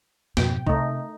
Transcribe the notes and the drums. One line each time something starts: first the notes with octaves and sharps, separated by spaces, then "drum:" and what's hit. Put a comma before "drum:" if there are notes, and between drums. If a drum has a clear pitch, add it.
F2 G#2 B2 G5, drum: snare
C3 A3 D#4, drum: kick C2